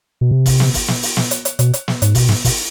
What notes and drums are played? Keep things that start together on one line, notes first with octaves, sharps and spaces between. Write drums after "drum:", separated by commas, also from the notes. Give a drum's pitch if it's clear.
B2
C3
drum: kick, open hi-hat
drum: snare
drum: kick, open hi-hat
drum: snare
drum: open hi-hat
drum: snare
drum: hi-hat
drum: hi-hat
B2, drum: hi-hat
drum: hi-hat
drum: snare
G#2, drum: hi-hat
B2, drum: kick, open hi-hat
G#2, drum: snare
B2, drum: kick, open hi-hat